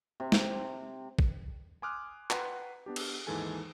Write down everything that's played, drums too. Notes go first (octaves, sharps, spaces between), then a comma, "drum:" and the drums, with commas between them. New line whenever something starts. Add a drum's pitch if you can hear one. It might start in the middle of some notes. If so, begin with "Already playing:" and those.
C3
drum: snare
drum: kick A1
G#5 C6 D6 D#6 F6 F#6
B4 F#5 G5 A#5 C6, drum: clap
B3 D4 G4
drum: cymbal
D#2 G#2 E3 G#3 A4 G#5